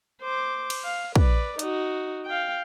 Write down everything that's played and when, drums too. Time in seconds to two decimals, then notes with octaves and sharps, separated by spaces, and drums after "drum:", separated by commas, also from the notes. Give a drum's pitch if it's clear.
0.21 C5 D6
0.70 drum: cymbal
0.84 F5
1.16 B4 D5, drum: kick
1.59 D#4 F#4, drum: hi-hat
2.26 F5 G5